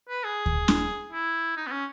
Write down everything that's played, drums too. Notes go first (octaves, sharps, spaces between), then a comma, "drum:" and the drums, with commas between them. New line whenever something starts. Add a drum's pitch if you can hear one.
B4
G#4
drum: kick D2
drum: snare
E4
D#4
B3
C#4